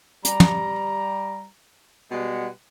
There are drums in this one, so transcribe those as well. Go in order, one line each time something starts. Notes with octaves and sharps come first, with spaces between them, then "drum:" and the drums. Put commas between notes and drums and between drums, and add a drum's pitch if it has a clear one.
G3 A#5, drum: hi-hat
drum: tom
B2 G3 G#3 F#5